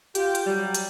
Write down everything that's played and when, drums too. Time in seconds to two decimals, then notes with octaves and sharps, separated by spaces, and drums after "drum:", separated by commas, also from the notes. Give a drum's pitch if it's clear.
0.15 F4 G4, drum: hi-hat
0.35 drum: hi-hat
0.46 F#3 G3
0.75 drum: hi-hat